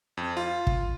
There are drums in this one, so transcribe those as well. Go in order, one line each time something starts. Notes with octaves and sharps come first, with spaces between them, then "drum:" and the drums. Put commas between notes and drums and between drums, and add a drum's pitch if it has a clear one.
F2
F4
drum: kick